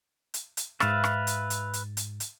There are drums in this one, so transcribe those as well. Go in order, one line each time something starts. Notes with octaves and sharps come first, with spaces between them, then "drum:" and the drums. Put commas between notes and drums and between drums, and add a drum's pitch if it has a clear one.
drum: hi-hat
drum: hi-hat
G#2 B4 E5 F5 A6, drum: rim click
drum: rim click
drum: hi-hat
drum: hi-hat
drum: hi-hat
drum: hi-hat
drum: hi-hat